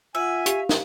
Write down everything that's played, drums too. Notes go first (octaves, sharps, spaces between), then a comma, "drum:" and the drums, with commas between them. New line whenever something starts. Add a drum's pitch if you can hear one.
F4 E5 F#5 G#5
G4 F5, drum: hi-hat
drum: snare